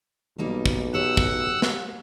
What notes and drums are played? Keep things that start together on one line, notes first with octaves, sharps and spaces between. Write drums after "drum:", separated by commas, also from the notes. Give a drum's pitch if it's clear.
B1 G3 A#3 D#4
drum: kick
G4 C#5 F#5 E6
drum: kick
drum: snare